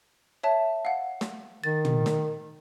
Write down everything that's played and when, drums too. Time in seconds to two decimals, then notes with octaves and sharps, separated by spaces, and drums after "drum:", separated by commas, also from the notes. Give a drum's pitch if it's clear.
0.43 C#5 E5 A5
0.85 F5 F#5
1.21 drum: snare
1.64 D#3 A6
1.85 drum: tom
2.06 drum: snare